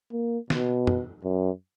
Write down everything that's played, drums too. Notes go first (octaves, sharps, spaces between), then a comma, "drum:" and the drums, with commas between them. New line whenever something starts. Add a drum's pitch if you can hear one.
A#3
B2, drum: snare
drum: tom
F#2